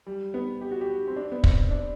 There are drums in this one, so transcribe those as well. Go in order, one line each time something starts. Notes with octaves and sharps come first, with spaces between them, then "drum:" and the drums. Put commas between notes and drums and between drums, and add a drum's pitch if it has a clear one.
G3
B3
G4
F#4
G4
C4
D4
B3
C4, drum: kick
D4